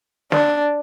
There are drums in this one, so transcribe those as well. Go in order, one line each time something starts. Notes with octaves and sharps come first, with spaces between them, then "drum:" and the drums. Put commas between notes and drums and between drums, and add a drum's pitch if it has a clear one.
D4, drum: snare